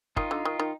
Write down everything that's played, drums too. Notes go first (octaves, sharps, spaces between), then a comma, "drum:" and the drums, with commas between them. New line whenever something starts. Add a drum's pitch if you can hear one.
D#3 D#4 F4, drum: kick
D3
D#3
D#3